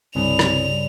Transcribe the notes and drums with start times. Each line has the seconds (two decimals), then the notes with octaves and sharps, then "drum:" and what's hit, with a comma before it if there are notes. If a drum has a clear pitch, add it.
0.16 C2 G2 C#3 F7
0.39 drum: rim click